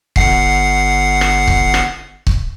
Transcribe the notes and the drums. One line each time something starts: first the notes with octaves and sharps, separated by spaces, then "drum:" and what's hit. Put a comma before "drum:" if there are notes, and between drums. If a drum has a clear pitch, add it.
G1 F#5 C7, drum: kick C#1
drum: rim click
drum: kick C#1
drum: rim click
drum: kick C#1